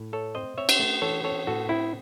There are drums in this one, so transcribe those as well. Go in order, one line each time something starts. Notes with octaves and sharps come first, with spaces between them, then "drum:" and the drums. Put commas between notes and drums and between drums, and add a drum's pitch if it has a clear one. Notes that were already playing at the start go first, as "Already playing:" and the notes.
Already playing: A2
A3 A4 C#5
C4 C5 D#5
C4 C#5 E5
drum: cymbal
A3
E3 A4 C#5
C4 A4 C#5
A2 F#4 A4
C4 E4